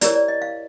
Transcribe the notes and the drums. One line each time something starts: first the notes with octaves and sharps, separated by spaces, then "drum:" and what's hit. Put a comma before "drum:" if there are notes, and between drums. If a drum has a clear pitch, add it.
E4 G4 A#4 C#5 D5, drum: hi-hat
D5
D#5
F5